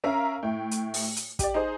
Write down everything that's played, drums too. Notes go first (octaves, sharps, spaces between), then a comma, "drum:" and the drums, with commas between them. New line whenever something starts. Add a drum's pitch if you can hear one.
C#4 A#4 E5 F5 A#5
A2 E4 G5
drum: hi-hat
drum: open hi-hat
drum: hi-hat
G4 D5, drum: kick, hi-hat
D#4 G#4 C5